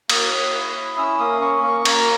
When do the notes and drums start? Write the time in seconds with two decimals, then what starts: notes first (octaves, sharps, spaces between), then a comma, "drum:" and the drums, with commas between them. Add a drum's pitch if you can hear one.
0.09 A#3 D#6, drum: cymbal
0.32 A#3
0.54 E4
0.76 E4
0.97 C#4 E6
1.19 A#3 D#6
1.41 C#4 C#6
1.63 A#3 C#6
1.85 A#3 A#5, drum: cymbal